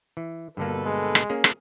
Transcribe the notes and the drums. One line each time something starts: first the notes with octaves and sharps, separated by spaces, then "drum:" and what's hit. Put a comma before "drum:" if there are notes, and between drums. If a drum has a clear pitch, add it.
E3
G2 B2 D3 A#3 A4 B4
G#3
drum: rim click
A#3 C#4 G#4
drum: rim click